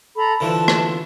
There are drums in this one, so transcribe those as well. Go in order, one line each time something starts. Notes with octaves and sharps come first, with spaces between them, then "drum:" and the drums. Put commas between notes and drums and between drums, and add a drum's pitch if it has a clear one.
A4 A#5 B5
D3 E3 F3 A5
drum: rim click